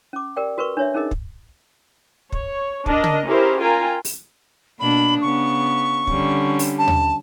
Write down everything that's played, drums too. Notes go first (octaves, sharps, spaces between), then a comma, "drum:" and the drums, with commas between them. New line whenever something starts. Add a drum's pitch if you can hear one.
C#4 D6
G4 A#4 D5 G5
F#4 A#4 B4 C#6
D4 C#5 E5
C#4 D#4 G#4 A#4 D#5
drum: kick
C#5, drum: kick
D4 A#4 D#5, drum: kick
drum: tom
C#4 E4 G4 G#4 A#4 C5
F4 A#4 G5 G#5 A#5
drum: open hi-hat
B2 A#3 D4 B5
C#3 B3 C#6
D3 G3 C#4, drum: kick
drum: open hi-hat
A5
drum: tom D#2